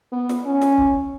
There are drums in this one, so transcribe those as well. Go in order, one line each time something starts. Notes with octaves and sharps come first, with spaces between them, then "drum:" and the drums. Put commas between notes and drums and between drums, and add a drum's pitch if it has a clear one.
B3
drum: snare
C#4
drum: snare
drum: kick